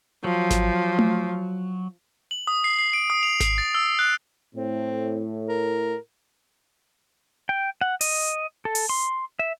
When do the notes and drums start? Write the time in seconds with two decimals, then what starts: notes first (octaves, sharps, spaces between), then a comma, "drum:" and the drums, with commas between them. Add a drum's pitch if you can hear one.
0.24 F3 F#3
0.51 drum: snare G#1
0.99 drum: tom A3
2.31 F#7
2.47 D#6
2.64 C7
2.79 C7
2.93 D7
3.10 D#6
3.23 F7
3.40 C7, drum: snare G#1
3.58 A6
3.75 E6
3.99 F#6
4.55 A2 C4
5.49 A#4
7.49 G5
7.81 F#5
8.01 D#5, drum: open hi-hat
8.65 A4
8.75 drum: open hi-hat
8.89 C6
9.39 E5